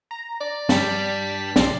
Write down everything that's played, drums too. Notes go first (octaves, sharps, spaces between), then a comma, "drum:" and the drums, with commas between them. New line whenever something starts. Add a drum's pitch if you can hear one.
A#5
D5
G2 G3 A5 B6, drum: snare
A#1 C3 D5 C6, drum: snare